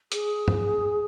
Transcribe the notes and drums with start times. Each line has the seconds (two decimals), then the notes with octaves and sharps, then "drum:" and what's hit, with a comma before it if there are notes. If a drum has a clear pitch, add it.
0.12 G#4, drum: hi-hat
0.48 drum: tom G2